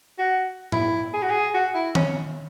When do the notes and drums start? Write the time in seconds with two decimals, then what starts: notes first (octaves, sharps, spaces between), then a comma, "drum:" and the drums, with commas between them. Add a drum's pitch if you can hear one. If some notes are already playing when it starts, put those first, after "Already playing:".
0.19 F#4
0.72 E4, drum: tom A2
1.14 G#4
1.22 F#4
1.30 G#4
1.54 F#4
1.75 E4
1.95 C#4, drum: tom D#3